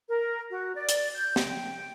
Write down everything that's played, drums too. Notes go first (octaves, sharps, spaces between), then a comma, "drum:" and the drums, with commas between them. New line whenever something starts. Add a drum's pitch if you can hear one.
A#4
F#4
D5
drum: hi-hat
G6
G5, drum: snare